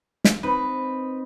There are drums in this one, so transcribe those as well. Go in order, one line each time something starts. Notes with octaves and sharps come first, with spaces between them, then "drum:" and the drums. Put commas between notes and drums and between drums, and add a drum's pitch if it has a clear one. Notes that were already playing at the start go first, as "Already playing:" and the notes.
drum: snare
C4 D#4 B4